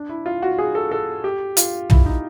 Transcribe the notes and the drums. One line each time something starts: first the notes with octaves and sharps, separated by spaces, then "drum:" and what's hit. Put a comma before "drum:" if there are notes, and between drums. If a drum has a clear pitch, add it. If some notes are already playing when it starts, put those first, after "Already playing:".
Already playing: D4
E4
F4
F#4
G#4
A4
A4
G4
F4, drum: hi-hat
E4, drum: tom
D#4